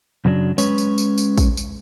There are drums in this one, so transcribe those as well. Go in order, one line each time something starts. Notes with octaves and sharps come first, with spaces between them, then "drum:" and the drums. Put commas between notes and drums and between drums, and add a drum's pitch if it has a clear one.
F#2 C#3 F#3 D4
G#3 C#4 B4 C#5, drum: tambourine
drum: tambourine
drum: tambourine
drum: tambourine
drum: kick, tambourine
drum: tambourine